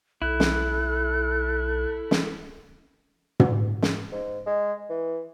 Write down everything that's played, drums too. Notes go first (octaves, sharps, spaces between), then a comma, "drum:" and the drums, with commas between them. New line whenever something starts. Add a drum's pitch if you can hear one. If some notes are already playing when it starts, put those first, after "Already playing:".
B1 E4 A4 F#6
drum: snare
drum: snare
drum: tom
drum: snare
G#2
G#3
E3